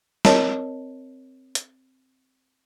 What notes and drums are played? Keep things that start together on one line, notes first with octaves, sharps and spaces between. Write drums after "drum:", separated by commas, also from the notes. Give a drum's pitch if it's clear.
C4 A#4 C#5 D#5 A5, drum: snare
drum: hi-hat